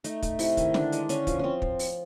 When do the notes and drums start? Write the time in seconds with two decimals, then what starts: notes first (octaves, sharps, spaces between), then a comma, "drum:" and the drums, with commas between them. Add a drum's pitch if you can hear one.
0.04 A3 D#4, drum: hi-hat
0.22 A3, drum: kick, hi-hat
0.39 C3 E4, drum: open hi-hat
0.57 D#3, drum: kick, hi-hat
0.74 D3 D4, drum: snare
0.92 G#3, drum: hi-hat
1.09 D3 C#4, drum: hi-hat
1.27 F3, drum: kick, hi-hat
1.39 F3 C4 C#4
1.62 drum: kick
1.79 drum: open hi-hat